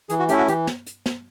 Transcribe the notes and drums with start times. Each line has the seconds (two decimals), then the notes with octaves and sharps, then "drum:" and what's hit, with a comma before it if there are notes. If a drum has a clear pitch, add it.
0.09 E3 G#4, drum: hi-hat
0.19 F#4
0.29 A3 C#4 E4 G4, drum: hi-hat
0.38 F#4
0.48 E3 G4, drum: hi-hat
0.67 drum: snare
0.86 drum: hi-hat
1.06 drum: snare